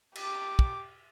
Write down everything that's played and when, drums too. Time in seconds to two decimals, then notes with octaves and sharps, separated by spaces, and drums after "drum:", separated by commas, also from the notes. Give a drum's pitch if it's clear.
0.15 G4 D6, drum: cymbal
0.59 drum: kick